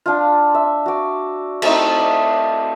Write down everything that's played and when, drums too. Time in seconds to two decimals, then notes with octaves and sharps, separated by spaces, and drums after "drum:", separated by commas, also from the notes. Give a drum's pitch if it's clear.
0.06 D4 F4
0.55 E5
0.86 F#4 D5
1.62 A3 C4 D#4 E4, drum: cymbal
1.99 D5